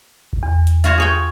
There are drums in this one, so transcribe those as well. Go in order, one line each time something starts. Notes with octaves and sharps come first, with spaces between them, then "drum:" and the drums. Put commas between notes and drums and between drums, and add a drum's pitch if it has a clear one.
drum: kick G#1
E2
drum: hi-hat
F4 F#4 C#5, drum: hi-hat
G#4 C#5 G5